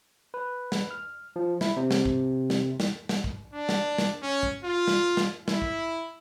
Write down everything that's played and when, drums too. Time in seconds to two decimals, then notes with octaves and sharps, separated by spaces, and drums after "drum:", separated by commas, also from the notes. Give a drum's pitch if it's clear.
0.34 B4
0.72 drum: snare
0.91 F6
1.36 F3
1.61 E4, drum: snare
1.77 C3
1.91 drum: snare
2.05 drum: kick
2.50 drum: snare
2.80 drum: snare
3.09 drum: snare
3.24 drum: kick
3.53 D4
3.69 drum: snare
3.98 drum: snare
4.22 C#4
4.43 drum: kick
4.64 F4
4.87 drum: snare
5.17 drum: snare
5.48 E4, drum: snare
5.62 drum: kick